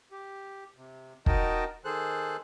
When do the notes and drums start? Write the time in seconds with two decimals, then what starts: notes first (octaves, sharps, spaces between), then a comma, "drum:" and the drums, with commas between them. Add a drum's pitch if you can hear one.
0.12 G4
0.76 C3
1.26 D#4 F#4 A#4 D#5 G5 A5, drum: kick
1.85 D#3 G#4 A4 C5 F#6